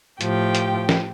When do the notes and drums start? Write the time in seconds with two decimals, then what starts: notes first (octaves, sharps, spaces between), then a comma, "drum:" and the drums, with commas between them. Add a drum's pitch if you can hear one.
0.21 A2 F3 G4 G5, drum: hi-hat
0.55 drum: hi-hat
0.89 drum: snare